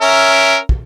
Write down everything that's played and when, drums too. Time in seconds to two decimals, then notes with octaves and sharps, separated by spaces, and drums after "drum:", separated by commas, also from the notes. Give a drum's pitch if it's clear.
0.01 C#4 A#4 E5
0.69 drum: kick